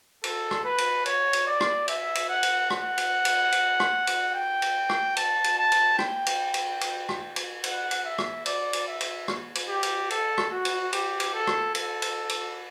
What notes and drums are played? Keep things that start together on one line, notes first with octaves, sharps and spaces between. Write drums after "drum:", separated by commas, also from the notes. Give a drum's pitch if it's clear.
A4, drum: cymbal
drum: rim click
B4
drum: cymbal
C#5, drum: cymbal
drum: cymbal
D5
drum: rim click
E5, drum: cymbal
drum: cymbal
F#5
drum: cymbal
F#5, drum: rim click
drum: cymbal
drum: cymbal
drum: cymbal
drum: rim click
drum: cymbal
G5
drum: cymbal
drum: rim click
A5, drum: cymbal
drum: cymbal
A5
drum: cymbal
G5, drum: rim click
drum: cymbal
drum: cymbal
drum: cymbal
drum: rim click
drum: cymbal
F#5, drum: cymbal
drum: cymbal
E5
drum: rim click
D5, drum: cymbal
drum: cymbal
E5
drum: cymbal
drum: rim click
drum: cymbal
G4
drum: cymbal
A4, drum: cymbal
drum: rim click
F#4
drum: cymbal
G4, drum: cymbal
drum: cymbal
A4
drum: rim click
A4, drum: cymbal
drum: cymbal
drum: cymbal